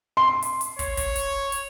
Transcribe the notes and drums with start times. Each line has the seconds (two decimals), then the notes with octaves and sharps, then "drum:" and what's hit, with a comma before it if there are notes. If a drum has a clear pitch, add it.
0.17 C6
0.42 drum: hi-hat
0.61 drum: hi-hat
0.79 C#5, drum: kick, hi-hat
0.97 drum: kick, hi-hat
1.16 drum: hi-hat
1.52 drum: hi-hat